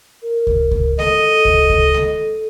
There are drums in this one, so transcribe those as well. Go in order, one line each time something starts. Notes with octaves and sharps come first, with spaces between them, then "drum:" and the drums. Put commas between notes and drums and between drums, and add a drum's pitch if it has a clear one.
A#4
drum: kick C#2
drum: kick C#2
A4 D#5, drum: snare G#3
drum: kick C#2
drum: kick C#2
drum: snare G#3